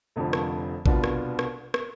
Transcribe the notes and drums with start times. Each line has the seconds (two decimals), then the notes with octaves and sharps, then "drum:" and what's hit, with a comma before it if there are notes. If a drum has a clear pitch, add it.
0.16 F1 F2 D3 F3
0.33 drum: rim click
0.86 C2 B2 B3 D4 F4, drum: kick A1
1.04 drum: rim click
1.39 drum: rim click
1.74 drum: rim click